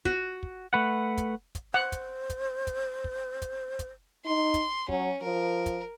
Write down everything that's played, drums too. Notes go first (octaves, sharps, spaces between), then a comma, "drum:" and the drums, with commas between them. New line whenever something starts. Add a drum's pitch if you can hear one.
F#4, drum: kick
drum: kick
A3 B4 F#5
drum: kick, hi-hat
drum: kick, hi-hat
C5 F#5
drum: kick, hi-hat
drum: kick, hi-hat
drum: kick, hi-hat
drum: kick
drum: kick, hi-hat
drum: kick, hi-hat
D#4 C6
drum: kick, hi-hat
F#3 C#4, drum: kick
F3 A#4
drum: kick, hi-hat